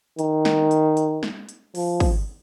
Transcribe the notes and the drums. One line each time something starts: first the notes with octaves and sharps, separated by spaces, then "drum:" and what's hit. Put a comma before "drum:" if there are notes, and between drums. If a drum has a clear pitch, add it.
D#3, drum: hi-hat
drum: snare
drum: hi-hat
drum: hi-hat
drum: snare
drum: hi-hat
F3, drum: open hi-hat
drum: kick, open hi-hat